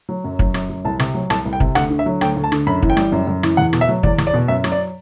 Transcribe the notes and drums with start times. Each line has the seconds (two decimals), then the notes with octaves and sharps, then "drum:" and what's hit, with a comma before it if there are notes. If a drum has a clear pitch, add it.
0.09 F#3
0.24 F#2
0.39 F#3, drum: kick
0.54 F#2, drum: rim click
0.69 F#3
0.85 C2 A5
0.99 C3, drum: rim click
1.14 F#3
1.30 C2 A5, drum: rim click
1.45 C2
1.53 G5
1.60 C3, drum: kick
1.75 D2 F#5, drum: rim click
1.90 D3
1.99 E5
2.06 F#3
2.21 D2 G5, drum: rim click
2.36 D2
2.44 A5
2.52 D3, drum: rim click
2.67 F#2 B5
2.83 E3, drum: kick
2.90 G5
2.97 G3, drum: rim click
3.12 F#2
3.27 F#2
3.43 E3, drum: rim click
3.57 E2 F#5
3.73 B2, drum: rim click
3.81 E5
3.89 F#3
4.03 E2 D5, drum: kick
4.18 E2, drum: rim click
4.27 D5
4.34 B2
4.48 F#2 E5
4.64 F#3, drum: rim click
4.72 D5